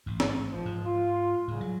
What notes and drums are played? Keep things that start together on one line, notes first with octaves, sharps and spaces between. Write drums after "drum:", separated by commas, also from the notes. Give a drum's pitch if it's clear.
A1 G#2
drum: snare C4
C#2 F3
G#2
F4
C2 A2 C#3
F#3